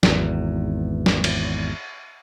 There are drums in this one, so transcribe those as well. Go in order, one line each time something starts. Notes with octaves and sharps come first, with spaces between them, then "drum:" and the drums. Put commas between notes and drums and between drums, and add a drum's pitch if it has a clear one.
G#1 E2, drum: snare
drum: snare
drum: cymbal